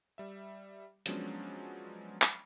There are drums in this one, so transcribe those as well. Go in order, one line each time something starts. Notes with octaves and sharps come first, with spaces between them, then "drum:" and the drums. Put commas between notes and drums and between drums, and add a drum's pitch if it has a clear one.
G3 E5
F3 F#3 G#3 B3 C#4 D4, drum: hi-hat
drum: clap